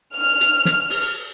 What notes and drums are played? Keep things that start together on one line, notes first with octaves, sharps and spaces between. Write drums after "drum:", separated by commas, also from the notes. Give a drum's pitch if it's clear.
F6
drum: hi-hat
drum: snare
drum: open hi-hat